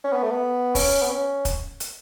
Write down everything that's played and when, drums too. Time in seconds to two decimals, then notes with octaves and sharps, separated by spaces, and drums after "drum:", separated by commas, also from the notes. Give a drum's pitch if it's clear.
0.04 C#4
0.13 B3
0.22 A3
0.31 B3
0.75 C#4, drum: kick, open hi-hat
1.02 B3
1.10 C#4
1.45 drum: kick, hi-hat
1.80 drum: hi-hat